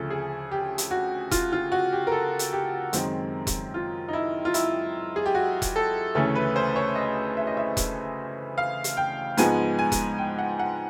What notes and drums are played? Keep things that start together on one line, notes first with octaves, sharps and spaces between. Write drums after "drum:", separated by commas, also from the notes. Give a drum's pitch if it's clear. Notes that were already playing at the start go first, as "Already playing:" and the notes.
Already playing: D2 C#3 F3 A4
G#4
G4
drum: hi-hat
F#4
F4, drum: kick E1, hi-hat
F4
F#4
G4
A#4
A4
drum: hi-hat
G4
F#2 D#3 G#3 C4, drum: hi-hat
drum: kick E1, hi-hat
F4
D#4
E4
F4
E4, drum: hi-hat
G#4
G4
F#4
drum: kick E1, hi-hat
A4
D2 C#3 E3 A3 C#4 A4
B4
C5
C#5
D#5
E5
D#5
E5
drum: kick E1, hi-hat
F5
drum: hi-hat
G5
G#2 F3 G#3 B3 G#5, drum: hi-hat
G#5
drum: kick E1, hi-hat
G5
F#5
F#5